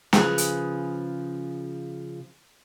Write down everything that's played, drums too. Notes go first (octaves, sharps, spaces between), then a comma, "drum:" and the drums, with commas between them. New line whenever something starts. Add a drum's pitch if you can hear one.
C#3 F3 G#4 B4, drum: snare
drum: hi-hat